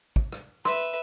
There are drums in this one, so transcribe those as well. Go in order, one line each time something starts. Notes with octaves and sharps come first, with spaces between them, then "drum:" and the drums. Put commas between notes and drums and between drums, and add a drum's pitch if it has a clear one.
drum: kick
drum: rim click
B4 E5 C6, drum: rim click